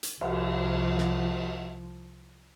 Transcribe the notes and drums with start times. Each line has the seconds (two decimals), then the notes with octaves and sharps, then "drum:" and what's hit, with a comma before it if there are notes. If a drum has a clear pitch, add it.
0.03 drum: hi-hat
0.21 C2 F3, drum: cymbal
0.98 drum: snare